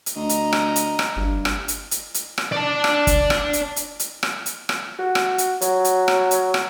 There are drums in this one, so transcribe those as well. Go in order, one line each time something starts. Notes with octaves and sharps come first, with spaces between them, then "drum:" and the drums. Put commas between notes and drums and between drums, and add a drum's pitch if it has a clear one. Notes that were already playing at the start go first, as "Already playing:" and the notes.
drum: hi-hat
D2 D#5 A#5
drum: hi-hat
drum: rim click
drum: hi-hat
drum: rim click
G1 G2
drum: rim click
drum: hi-hat
drum: hi-hat
drum: hi-hat
drum: rim click
D5 A5
drum: rim click
drum: kick, hi-hat
drum: rim click
drum: hi-hat
drum: hi-hat
drum: hi-hat
drum: rim click
drum: hi-hat
drum: rim click
F#4
drum: rim click
drum: hi-hat
F#3, drum: hi-hat
drum: hi-hat
drum: rim click
drum: hi-hat
drum: rim click